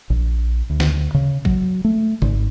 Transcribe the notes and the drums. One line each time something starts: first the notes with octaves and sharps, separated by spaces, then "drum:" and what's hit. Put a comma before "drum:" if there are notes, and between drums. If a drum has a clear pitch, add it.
A#1
D2
drum: snare
C#3
F#3, drum: kick
A3
G#1, drum: tom C#3